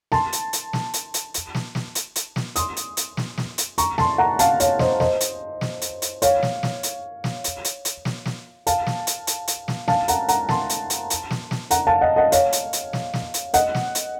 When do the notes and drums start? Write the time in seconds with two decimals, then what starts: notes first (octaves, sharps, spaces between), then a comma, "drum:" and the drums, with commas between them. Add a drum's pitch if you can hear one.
0.12 A5 C6, drum: snare
0.33 drum: hi-hat
0.53 drum: hi-hat
0.73 drum: snare
0.94 drum: hi-hat
1.14 drum: hi-hat
1.34 drum: hi-hat
1.55 drum: snare
1.75 drum: snare
1.95 drum: hi-hat
2.16 drum: hi-hat
2.36 drum: snare
2.56 C6 D#6, drum: hi-hat
2.77 drum: hi-hat
2.97 drum: hi-hat
3.17 drum: snare
3.38 drum: snare
3.58 drum: hi-hat
3.78 A#5 C#6, drum: hi-hat
3.98 A5 C6, drum: snare
4.18 F#5 A#5
4.39 F5 A5, drum: hi-hat
4.60 C#5 F5, drum: hi-hat
4.79 C5 D#5, drum: snare
5.00 C5 D#5, drum: snare
5.21 drum: hi-hat
5.61 drum: snare
5.82 drum: hi-hat
6.02 drum: hi-hat
6.22 C#5 F5, drum: hi-hat
6.43 drum: snare
6.63 drum: snare
6.83 drum: hi-hat
7.24 drum: snare
7.44 drum: hi-hat
7.65 drum: hi-hat
7.85 drum: hi-hat
8.05 drum: snare
8.26 drum: snare
8.67 F5 A5, drum: hi-hat
8.87 drum: snare
9.07 drum: hi-hat
9.27 drum: hi-hat
9.48 drum: hi-hat
9.68 drum: snare
9.88 F5 A5, drum: snare
10.08 F#5 A#5, drum: hi-hat
10.28 F#5 A#5, drum: hi-hat
10.49 A5 C6, drum: snare
10.70 drum: hi-hat
10.90 drum: hi-hat
11.10 drum: hi-hat
11.31 drum: snare
11.51 drum: snare
11.71 F#5 A#5, drum: hi-hat
11.87 F5 A5
12.01 D#5 F#5
12.16 D#5 F#5
12.32 C#5 F5, drum: hi-hat
12.53 drum: hi-hat
12.73 drum: hi-hat
12.93 drum: snare
13.14 drum: snare
13.34 drum: hi-hat
13.54 D#5 F#5, drum: hi-hat
13.75 drum: snare
13.95 drum: hi-hat